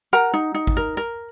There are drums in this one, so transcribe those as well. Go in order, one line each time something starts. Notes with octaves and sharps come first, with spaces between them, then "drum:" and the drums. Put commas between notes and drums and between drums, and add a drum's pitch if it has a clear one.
A#4 F#5 A#5
D#4
D#4
drum: kick G#1
A#4
A#4